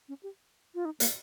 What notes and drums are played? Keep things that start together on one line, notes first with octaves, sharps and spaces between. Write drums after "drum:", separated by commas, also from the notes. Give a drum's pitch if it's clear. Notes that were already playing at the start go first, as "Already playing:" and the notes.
C#4
G4
F4
D#4
A#3, drum: hi-hat